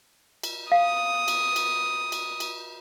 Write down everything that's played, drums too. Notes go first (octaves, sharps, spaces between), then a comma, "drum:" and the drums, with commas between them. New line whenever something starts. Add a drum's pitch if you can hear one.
drum: cymbal
F5 D#6
drum: cymbal
drum: cymbal
drum: cymbal
drum: cymbal